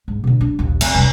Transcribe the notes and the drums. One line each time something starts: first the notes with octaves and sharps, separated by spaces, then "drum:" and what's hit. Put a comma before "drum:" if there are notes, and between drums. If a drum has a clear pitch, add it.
G#2
B2 D3
D4
A#1 D#2
C4, drum: cymbal
E1 C2